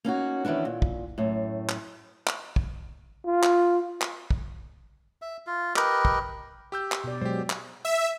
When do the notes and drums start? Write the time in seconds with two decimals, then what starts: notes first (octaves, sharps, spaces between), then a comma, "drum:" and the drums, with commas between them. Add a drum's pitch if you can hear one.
0.04 A#3 C#4 D#4 F#4
0.45 D#3 E3 B3 C#4 D4
0.65 A#2
0.82 drum: kick
1.18 F#2 A2
1.69 drum: clap
2.27 drum: clap
2.56 drum: kick
3.26 F4
3.43 drum: clap
4.01 drum: clap
4.31 drum: kick
5.22 E5
5.47 F4
5.76 G4 A#4 B4 D#5, drum: clap
6.05 drum: kick
6.72 G4 E6 G6
6.92 drum: clap
7.04 B2 D5
7.21 B2 F#3 G#3 G4 C5
7.50 drum: clap
7.85 E5